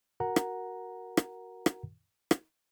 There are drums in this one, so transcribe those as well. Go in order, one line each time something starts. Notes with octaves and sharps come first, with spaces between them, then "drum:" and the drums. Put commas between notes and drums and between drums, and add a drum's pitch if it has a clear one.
F#4 A#4 F#5 A#5
drum: rim click
drum: rim click
drum: rim click
drum: rim click